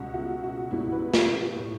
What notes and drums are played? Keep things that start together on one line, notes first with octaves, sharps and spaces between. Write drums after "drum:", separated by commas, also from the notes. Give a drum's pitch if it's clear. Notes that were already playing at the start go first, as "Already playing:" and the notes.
Already playing: C#2 B2 G3 F#4
F#4
F#4
C#2 B2 G3 E4
B4
G4, drum: snare
G4
A2 G3